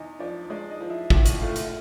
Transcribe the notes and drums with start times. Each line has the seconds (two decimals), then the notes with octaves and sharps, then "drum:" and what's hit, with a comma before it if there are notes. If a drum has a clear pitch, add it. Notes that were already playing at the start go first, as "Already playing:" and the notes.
Already playing: E2 D#4 D#5
0.19 F3 D4 D5
0.50 G#3 D4 D5
0.70 D#4 D#5
0.80 F3
0.90 E4 E5
1.10 D#2 E4 E5, drum: kick
1.26 drum: hi-hat
1.41 A3 F4 F5
1.56 drum: hi-hat